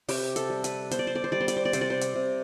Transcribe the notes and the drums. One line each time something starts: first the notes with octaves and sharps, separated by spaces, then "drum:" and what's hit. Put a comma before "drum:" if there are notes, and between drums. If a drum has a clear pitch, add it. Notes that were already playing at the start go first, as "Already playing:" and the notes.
C3 G4, drum: open hi-hat
A4, drum: hi-hat
G3
B4, drum: hi-hat
B3 C5, drum: hi-hat
D5
C5
D5
C5
G3 D5
C5
D5, drum: hi-hat
C5
D5
C3 C5, drum: hi-hat
D5
C5
drum: hi-hat
C3